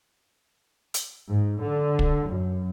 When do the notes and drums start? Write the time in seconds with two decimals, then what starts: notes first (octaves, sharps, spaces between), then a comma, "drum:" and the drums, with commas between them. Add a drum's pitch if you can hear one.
0.94 drum: hi-hat
1.28 G#2
1.60 D3
1.99 drum: kick
2.25 F#2